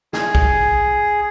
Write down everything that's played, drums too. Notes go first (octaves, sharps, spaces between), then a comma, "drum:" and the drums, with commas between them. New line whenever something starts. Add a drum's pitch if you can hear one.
G#4, drum: snare
drum: kick